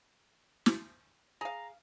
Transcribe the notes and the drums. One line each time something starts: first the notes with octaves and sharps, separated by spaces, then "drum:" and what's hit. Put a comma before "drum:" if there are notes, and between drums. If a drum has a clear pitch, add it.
drum: snare
G#4 F5 A#5